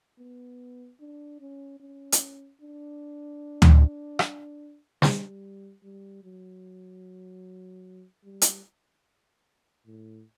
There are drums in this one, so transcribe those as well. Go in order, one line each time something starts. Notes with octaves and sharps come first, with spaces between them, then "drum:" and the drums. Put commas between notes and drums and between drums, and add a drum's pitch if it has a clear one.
B3
D4
C#4
C#4
drum: hi-hat
D4
drum: tom D2
drum: rim click
G3, drum: snare
G3
F#3
G3
drum: hi-hat
A2